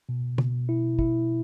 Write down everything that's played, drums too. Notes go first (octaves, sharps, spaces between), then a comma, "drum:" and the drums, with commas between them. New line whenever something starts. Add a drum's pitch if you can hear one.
B2
B2, drum: tom
E4
E4, drum: kick